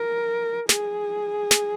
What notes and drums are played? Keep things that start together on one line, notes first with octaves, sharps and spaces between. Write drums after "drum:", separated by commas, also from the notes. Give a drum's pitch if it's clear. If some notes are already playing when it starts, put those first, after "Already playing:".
Already playing: A#4
G#4, drum: snare
drum: snare